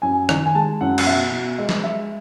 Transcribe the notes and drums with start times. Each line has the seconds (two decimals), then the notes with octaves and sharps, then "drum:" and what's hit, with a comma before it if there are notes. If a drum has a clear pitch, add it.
0.02 F#2 G#5
0.29 D#3, drum: rim click
0.46 G#5
0.55 G#3 A5
0.81 F#2 F#5
0.98 F#5, drum: cymbal
1.06 B2 E5
1.32 B2
1.58 G#3 D#5
1.69 drum: snare
1.84 G#3 E5